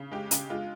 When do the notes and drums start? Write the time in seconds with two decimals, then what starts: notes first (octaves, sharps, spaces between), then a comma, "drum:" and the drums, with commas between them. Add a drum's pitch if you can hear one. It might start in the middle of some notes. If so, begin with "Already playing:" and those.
Already playing: C#3
0.12 G#3 G4
0.31 C#3, drum: hi-hat
0.50 G#3 F4